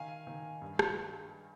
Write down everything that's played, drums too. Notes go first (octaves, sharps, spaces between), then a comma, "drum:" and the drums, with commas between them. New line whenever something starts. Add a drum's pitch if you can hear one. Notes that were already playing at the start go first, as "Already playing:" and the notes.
Already playing: D#3 F5 G#5
D#3
G2
drum: rim click